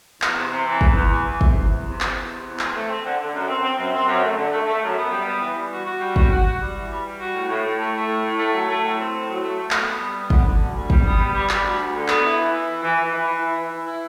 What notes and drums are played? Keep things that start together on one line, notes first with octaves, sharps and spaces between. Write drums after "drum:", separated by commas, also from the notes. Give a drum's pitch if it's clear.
E2, drum: clap
C3
C3
E3
E2, drum: kick
E2
E3
E3
C3, drum: kick
E2
E2
C3
E2, drum: clap
E2
C3
E2
C4, drum: clap
A3
C4
D3
D3
F#2
C4
C4
F#2
C4
F#2
A3
D3
A3
A3
F#2
B3
G3
B3
E3
G3
F#4
F#4
G3
F#4, drum: kick
F#4
F#4
G3
E3
G3
G3
F#4
A2
A2
A2
A3
A3
A2
A2
A3
F#3
A3
A2
C4
A2
F#3
A3
A3
B3, drum: clap
B3
G3
B3
D3, drum: kick
D3
D2
G3
G3, drum: kick
B3
G3
G3
G3, drum: clap
D2
D2
D3
B3, drum: clap
E4
E3
E4
E3
E3
E3
E3
E3
E4
E3
E3
E4